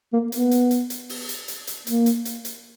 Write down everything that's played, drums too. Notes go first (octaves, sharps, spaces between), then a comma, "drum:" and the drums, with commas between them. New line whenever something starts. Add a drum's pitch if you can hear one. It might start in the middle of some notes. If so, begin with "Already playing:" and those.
A#3
B3, drum: hi-hat
drum: hi-hat
drum: hi-hat
drum: hi-hat
drum: open hi-hat
drum: hi-hat
drum: hi-hat
drum: hi-hat
A#3, drum: hi-hat
drum: hi-hat
drum: hi-hat
drum: hi-hat